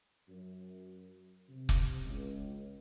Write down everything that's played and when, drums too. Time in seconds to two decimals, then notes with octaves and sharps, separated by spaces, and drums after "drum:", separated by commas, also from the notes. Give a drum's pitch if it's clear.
0.29 F#2
1.50 C3
1.69 drum: kick F1, hi-hat
2.04 C#2